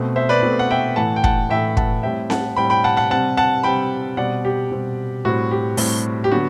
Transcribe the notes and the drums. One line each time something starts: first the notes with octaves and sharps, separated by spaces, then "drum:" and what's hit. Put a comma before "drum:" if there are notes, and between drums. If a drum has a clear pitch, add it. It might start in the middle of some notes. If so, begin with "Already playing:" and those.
Already playing: B2 A3 C4
C5 E5
B4 D5
B2 A3 C4
F#5
E5 G5
A2 E3 A3 F#5 A5
G5
F#5 A5, drum: kick
A2 E3 A3 E5 G5
F#5 A5, drum: kick
A2 G3 C4 E5 G5
F#5 A5, drum: snare C4
A2 G3 C4 G5 B5
G5 B5
F#5 A5
F#5 A5
C3 G3 C4 F#5 A5
F#5 A5
C3 G3 C4 G5 B5
B2 G3 C4 D5 F#5
G4
B2 G3 C4
A2 G3 C4 F#4
G4
A2 G3 C4, drum: open hi-hat
G4
D3 F#3 B3 F#4